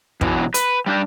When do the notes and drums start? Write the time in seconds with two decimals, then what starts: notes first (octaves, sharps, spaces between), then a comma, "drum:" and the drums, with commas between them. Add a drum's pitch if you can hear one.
0.21 B2 E3 F#3, drum: kick
0.54 B4, drum: hi-hat
0.86 G3 D4 G4